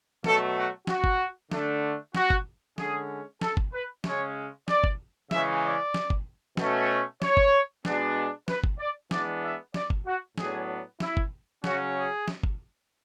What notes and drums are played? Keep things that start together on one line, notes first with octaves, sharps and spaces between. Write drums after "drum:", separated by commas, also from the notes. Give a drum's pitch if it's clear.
B2 F#3 A3 A4, drum: snare
F#4
F#4, drum: snare
drum: kick G1
D3 A3 D4, drum: snare
F#4, drum: snare
drum: kick G1
D3 G#3 C#4 G#4, drum: snare
A4, drum: snare
drum: kick G1
B4
C#3 G#3 C#4 C#5, drum: snare
D5, drum: snare
drum: kick G1
C#3 E3 G#3 C#4 E5, drum: snare
D5
drum: snare
drum: kick G1
B2 A3 C#4, drum: snare
C#5, drum: snare
drum: kick G1
B2 G#3 B3 D4, drum: snare
B4, drum: snare
drum: kick G1
D5
E3 G#3 B3 D4 D5, drum: snare
E5
D5, drum: snare
drum: kick G1
F#4
A2 F#3 B3 D4 G#4, drum: snare
E4, drum: snare
drum: kick G1
C#3 F#3 C#4 F#4, drum: snare
G#4
drum: snare
drum: kick G1